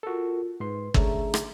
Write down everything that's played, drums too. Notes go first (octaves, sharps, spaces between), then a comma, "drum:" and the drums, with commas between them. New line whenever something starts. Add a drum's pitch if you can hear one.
F4 F#4 A4 A#4
G#2 B4 C6
D3 A3 C#4 G#4 E5 A#5, drum: kick
drum: rim click